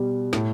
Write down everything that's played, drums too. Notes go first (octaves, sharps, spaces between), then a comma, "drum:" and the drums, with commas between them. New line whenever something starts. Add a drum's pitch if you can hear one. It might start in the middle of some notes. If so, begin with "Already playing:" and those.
Already playing: B2 G3
A2, drum: snare